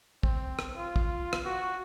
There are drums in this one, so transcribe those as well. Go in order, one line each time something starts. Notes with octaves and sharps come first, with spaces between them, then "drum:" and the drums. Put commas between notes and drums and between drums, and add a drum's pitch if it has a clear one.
C4, drum: kick
drum: rim click
F4
drum: kick
drum: rim click
F#4